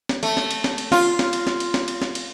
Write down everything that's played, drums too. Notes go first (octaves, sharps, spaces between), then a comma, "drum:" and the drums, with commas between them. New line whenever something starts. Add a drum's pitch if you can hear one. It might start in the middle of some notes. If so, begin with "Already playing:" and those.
drum: snare
A3, drum: cymbal
drum: snare
drum: cymbal
drum: snare
drum: cymbal
F4, drum: snare
drum: snare
drum: cymbal
drum: snare
drum: cymbal
drum: snare
drum: cymbal
drum: snare
drum: cymbal